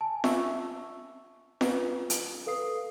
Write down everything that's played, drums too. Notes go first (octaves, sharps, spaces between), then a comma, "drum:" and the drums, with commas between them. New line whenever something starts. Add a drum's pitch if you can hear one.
G#5 A5
E5 C#6 E6, drum: snare F4
F4 B4, drum: snare F4
drum: hi-hat
A4 B4 F5 D#6 C7